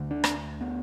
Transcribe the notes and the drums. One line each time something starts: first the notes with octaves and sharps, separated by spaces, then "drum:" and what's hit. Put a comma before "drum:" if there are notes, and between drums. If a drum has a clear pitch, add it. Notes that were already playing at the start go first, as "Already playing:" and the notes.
Already playing: D2 D3
D4
drum: rim click
B3